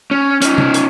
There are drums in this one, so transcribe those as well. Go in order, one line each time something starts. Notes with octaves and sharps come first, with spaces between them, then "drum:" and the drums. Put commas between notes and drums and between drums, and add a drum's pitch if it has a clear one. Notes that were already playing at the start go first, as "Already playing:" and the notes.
C#4
C#4 D#4, drum: hi-hat
drum: tom C3
drum: hi-hat